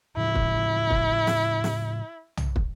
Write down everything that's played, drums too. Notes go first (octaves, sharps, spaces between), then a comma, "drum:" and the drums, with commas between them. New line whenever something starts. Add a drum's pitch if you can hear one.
A2 C#3 F3 E4
drum: kick
drum: kick
drum: snare
drum: snare
drum: tom
drum: kick